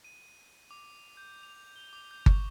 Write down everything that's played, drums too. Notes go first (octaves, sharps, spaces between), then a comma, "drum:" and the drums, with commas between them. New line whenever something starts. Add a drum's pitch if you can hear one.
D#7
D6
G6
F7
G7
D6
G6
C#6, drum: kick G1